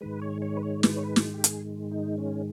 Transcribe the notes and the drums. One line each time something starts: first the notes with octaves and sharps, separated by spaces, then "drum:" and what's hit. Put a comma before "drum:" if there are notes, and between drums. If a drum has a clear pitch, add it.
G#2 D#3 G#3 B4
C#5
C#5
B4
C#5
B4, drum: snare
C#5
B4
drum: snare
G4
G#4, drum: hi-hat
D#4
C#4